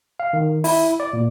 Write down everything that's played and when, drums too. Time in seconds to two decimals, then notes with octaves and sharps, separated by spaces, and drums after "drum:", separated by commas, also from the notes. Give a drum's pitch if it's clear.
0.20 F5
0.33 D#3
0.64 E4, drum: open hi-hat
1.00 D5
1.13 A#2